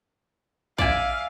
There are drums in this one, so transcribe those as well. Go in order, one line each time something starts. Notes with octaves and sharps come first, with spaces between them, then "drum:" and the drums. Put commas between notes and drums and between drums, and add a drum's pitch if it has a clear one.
D5 E5 F5 G#5, drum: kick